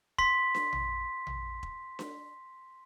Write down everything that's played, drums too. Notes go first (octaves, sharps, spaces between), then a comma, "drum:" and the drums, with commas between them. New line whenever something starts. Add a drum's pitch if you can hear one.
C6 B6, drum: kick E1
drum: snare D4
drum: tom A#1
drum: tom A#1
drum: kick E1
drum: snare D4